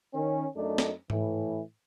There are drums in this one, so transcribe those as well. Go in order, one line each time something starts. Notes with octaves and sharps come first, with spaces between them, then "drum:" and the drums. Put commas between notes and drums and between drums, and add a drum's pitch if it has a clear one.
D#3 C#4
F#2 A3 D4 D#4
drum: snare
A2 E3, drum: tom G#2